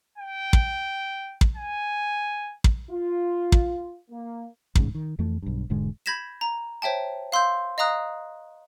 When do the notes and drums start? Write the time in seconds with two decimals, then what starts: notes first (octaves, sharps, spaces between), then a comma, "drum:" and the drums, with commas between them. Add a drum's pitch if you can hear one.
0.18 G5
0.53 drum: kick
1.41 drum: kick
1.56 G#5
2.64 drum: kick
2.91 F4
3.52 drum: kick
4.11 A#3
4.75 D1 A1 G#2 C#3, drum: kick
4.95 D#3
5.19 F2 E3 A3
5.42 B1 G2
5.70 E1 G#2 D3 G#3
6.06 B5 G6 G#6 A#6 B6 E7
6.41 A#5
6.82 C5 C#5 E5 G5 A5
7.32 F5 C6 E6 G6
7.78 D#5 F5 A#5 D#6 F#6